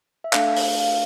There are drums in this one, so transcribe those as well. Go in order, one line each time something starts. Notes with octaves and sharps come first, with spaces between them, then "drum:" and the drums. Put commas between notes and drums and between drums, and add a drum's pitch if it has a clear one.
E5
A3 D4 A4 F5, drum: clap
drum: open hi-hat
F5